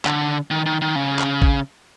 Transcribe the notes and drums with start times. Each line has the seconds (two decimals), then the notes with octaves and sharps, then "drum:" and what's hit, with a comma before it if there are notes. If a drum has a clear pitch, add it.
0.05 D3, drum: clap
0.51 D#3
0.66 D#3
0.82 D#3
0.96 C#3
1.19 drum: clap
1.42 drum: kick